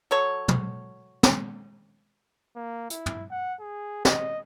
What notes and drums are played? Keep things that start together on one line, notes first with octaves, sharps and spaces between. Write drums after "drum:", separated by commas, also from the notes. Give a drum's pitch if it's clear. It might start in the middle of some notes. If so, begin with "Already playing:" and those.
F#3 A4 C#5
drum: tom
drum: snare
A#3
E4, drum: hi-hat
drum: tom
F#5
G#4
D#5, drum: snare